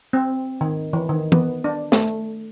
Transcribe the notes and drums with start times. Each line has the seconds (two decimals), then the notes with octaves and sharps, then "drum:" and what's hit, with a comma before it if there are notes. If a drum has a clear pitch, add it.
0.13 C4
0.61 D#3
0.93 E3
1.09 D#3
1.32 B3, drum: tom
1.64 D4
1.92 A3, drum: snare